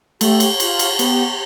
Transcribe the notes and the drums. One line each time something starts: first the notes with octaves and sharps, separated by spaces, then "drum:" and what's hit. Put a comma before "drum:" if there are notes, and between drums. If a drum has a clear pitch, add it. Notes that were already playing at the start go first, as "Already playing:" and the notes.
A3 G4, drum: cymbal
drum: cymbal
F4, drum: cymbal
drum: cymbal
B3 G4, drum: cymbal